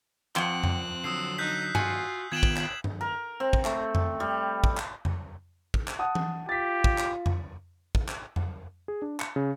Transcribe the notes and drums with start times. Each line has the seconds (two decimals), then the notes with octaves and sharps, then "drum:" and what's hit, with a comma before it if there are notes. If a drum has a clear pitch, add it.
0.36 F2 C4 F#5 G5 F#6, drum: clap
0.64 drum: tom F2
1.04 D3 F#3 D#6 E6 C7
1.38 D#4 F#6 G6 B6
1.75 F4 F#4 G#5, drum: tom G2
2.32 D#3 B3 F4 G5 F#6 G#6 E7 F#7
2.43 drum: kick
2.57 drum: clap
2.84 drum: tom G2
3.01 A#4
3.40 C4
3.53 drum: kick
3.65 A3, drum: clap
3.95 drum: tom F2
4.20 G3
4.64 drum: kick
4.77 drum: clap
5.05 drum: tom F2
5.74 drum: kick
5.88 drum: clap
5.99 F#5 A5 D#6
6.15 drum: tom E3
6.49 F4 G4 A6 B6
6.84 drum: kick
6.98 drum: clap
7.26 drum: tom F2
7.95 drum: kick
8.09 drum: clap
8.36 drum: tom F2
8.88 G#4
9.02 D4
9.20 C#7, drum: clap
9.36 C#3